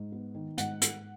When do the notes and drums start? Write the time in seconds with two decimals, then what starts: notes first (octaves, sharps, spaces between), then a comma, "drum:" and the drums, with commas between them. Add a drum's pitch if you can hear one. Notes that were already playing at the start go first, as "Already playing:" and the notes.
Already playing: G#2
0.12 B3
0.35 D#3
0.58 G#2 F#5, drum: hi-hat
0.81 G#2, drum: hi-hat